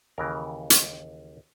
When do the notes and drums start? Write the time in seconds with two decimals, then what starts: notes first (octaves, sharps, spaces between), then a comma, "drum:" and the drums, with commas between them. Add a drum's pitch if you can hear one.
0.18 D#2 C#3 E3 A#4
0.70 drum: hi-hat